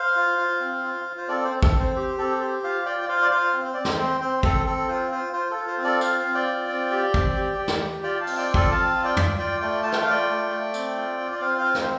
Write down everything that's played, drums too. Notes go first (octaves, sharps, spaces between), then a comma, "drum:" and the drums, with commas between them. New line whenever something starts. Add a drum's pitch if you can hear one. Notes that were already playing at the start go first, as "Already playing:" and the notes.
Already playing: C5 F5
F4
F4
C4
F4
F4
C5
C4 A4 D5
C5
C4
A4, drum: kick
C4
C5
G4 C5
C4 A4
G4 C5
F4 C5 F5
F4 D5 G5
D5
F4 C5 F5
D5
F4 C5 F5
C4
C5
C4 D5
C5, drum: snare
C4 C5
C4 C5
C4 A4, drum: kick
C4 A4
F4 C5
F4 C5
F4 C5
F4 A4
C5
C4
A4 D5
F4 C5 F5, drum: tambourine
C4
D5 G5
F4
C4
G4
C4, drum: kick
G4
G4
drum: snare
G4
F4 D5 G5
F5 A5
C4, drum: open hi-hat
D5 G5
F4
A4 D5, drum: kick
C4 F5 A5
F4
D5 G5
F4, drum: tom
F4 D5 G5
A3 D5 G5
F4 A5
G5, drum: rim click
F5
F4 D5 G5
A3
A3
C4, drum: tambourine
F4
F4
D5
C4 C5 F5
C5 F5
F4
C5, drum: snare